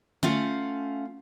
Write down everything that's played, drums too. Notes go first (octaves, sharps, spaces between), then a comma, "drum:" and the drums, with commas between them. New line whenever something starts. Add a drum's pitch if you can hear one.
A3 C#4 F4 F5 F#5, drum: tom D3